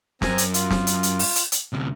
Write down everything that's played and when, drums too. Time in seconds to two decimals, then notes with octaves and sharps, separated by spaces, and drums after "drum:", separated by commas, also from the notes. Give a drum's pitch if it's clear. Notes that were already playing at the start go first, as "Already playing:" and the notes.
0.22 F#2 C4 G#5 A#5, drum: snare
0.38 drum: hi-hat
0.54 F4, drum: hi-hat
0.71 drum: snare
0.87 drum: hi-hat
1.03 drum: hi-hat
1.19 drum: open hi-hat
1.36 drum: hi-hat
1.52 drum: hi-hat
1.73 D2 C3